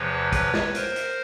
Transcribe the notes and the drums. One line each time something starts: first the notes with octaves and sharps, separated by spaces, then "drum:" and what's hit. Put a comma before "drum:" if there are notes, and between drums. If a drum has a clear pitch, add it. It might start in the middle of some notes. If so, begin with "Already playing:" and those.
Already playing: E2 C3 F3 B4 C#5
B4 C#5, drum: kick, hi-hat
drum: snare
A#4 C5, drum: hi-hat
drum: hi-hat